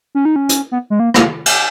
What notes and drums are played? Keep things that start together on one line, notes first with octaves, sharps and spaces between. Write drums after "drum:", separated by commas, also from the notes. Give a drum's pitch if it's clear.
C#4
D#4
C#4
drum: hi-hat
B3
G#3
A#3
A#3, drum: rim click
drum: cymbal